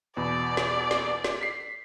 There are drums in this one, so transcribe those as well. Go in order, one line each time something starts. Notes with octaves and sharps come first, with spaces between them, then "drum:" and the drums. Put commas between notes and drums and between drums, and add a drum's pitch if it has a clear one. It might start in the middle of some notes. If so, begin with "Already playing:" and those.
E2 B2 D5 B5
drum: snare
drum: snare
drum: snare
B6 C7